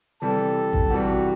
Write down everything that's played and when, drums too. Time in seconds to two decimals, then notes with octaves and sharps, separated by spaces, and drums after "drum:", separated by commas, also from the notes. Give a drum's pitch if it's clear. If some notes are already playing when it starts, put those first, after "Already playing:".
0.22 C3 E3 G3 A4
0.73 drum: kick A1
0.90 C3 E3 G3 F#4